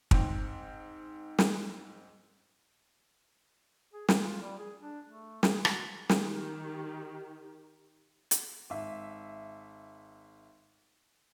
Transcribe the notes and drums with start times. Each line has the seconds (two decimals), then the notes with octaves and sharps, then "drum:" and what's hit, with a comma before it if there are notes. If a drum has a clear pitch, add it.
0.11 G#2 C4, drum: kick
1.39 drum: snare
3.94 G#4
4.08 G#4, drum: snare
4.22 F4
4.42 G3
4.59 G#4
4.81 D4
5.08 A3
5.43 G#4, drum: snare
5.65 F#4, drum: rim click
6.09 D#3 G4, drum: snare
8.31 drum: hi-hat
8.70 G#1 E5